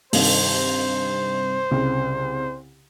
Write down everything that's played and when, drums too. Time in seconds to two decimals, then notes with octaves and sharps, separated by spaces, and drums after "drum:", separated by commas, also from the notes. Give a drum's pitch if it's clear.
0.13 G2 C3 D#3 C5, drum: open hi-hat
1.71 C2 C#3